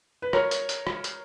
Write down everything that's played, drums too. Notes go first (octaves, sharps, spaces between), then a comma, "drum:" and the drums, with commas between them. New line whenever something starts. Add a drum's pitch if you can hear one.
B4
A#4 C#5, drum: rim click
drum: hi-hat
drum: hi-hat
drum: rim click
drum: hi-hat